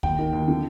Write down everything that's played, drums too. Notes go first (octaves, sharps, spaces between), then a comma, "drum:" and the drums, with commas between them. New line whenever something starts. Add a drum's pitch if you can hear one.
D#2 G5, drum: kick
D#3
D#2
D3